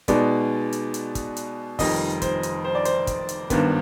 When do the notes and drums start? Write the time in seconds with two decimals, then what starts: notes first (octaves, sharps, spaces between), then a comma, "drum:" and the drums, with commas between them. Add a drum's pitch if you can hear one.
0.08 B2 G#3 B3 D#4 D5, drum: kick, hi-hat
0.73 drum: hi-hat
0.94 drum: hi-hat
1.15 drum: kick, hi-hat
1.37 drum: hi-hat
1.79 F1 F2 D#3 G3 D#5, drum: kick, open hi-hat
2.22 C5, drum: kick, hi-hat
2.43 drum: hi-hat
2.65 C5
2.75 D5
2.85 C5, drum: hi-hat
3.07 drum: kick, hi-hat
3.29 drum: hi-hat
3.50 G#1 G2 D#3 B3, drum: kick, hi-hat